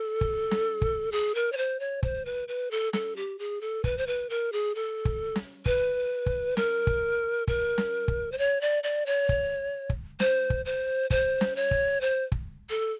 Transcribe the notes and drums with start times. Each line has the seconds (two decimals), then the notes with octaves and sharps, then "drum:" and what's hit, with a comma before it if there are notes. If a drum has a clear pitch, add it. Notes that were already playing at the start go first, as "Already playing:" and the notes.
Already playing: A4
0.21 drum: kick
0.51 drum: snare
0.82 drum: kick
1.12 G#4
1.35 A#4
1.52 C#5
1.57 C5
1.80 C#5
2.03 C5, drum: kick
2.25 B4
2.48 B4
2.71 A4
2.93 A4, drum: snare
3.16 G4
3.39 G#4
3.61 A4
3.84 B4, drum: kick
3.98 C5
4.07 B4
4.30 A#4
4.52 G#4
4.75 A4
5.05 drum: kick
5.36 drum: snare
5.66 B4, drum: kick
6.26 drum: kick
6.57 A#4, drum: snare
6.87 drum: kick
7.48 A#4, drum: kick
7.78 drum: snare
8.08 drum: kick
8.32 C5
8.38 C#5
8.61 D5
8.83 D5
9.06 C#5
9.29 drum: kick
9.90 drum: kick
10.20 C5, drum: snare
10.50 drum: kick
10.65 C5
11.10 C5, drum: kick
11.41 drum: snare
11.56 C#5
11.71 drum: kick
12.01 C5
12.32 drum: kick
12.70 A4